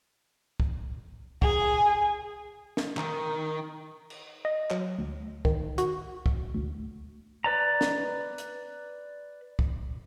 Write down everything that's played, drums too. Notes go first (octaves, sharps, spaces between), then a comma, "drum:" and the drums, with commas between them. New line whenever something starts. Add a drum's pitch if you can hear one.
drum: kick
G#4 G#5, drum: kick
drum: snare
D#3, drum: clap
drum: cymbal
D#5
F#3, drum: clap
D2
D#3, drum: kick
F#4, drum: hi-hat
drum: kick
D2
B4 D5 A#5
drum: snare
drum: hi-hat
drum: kick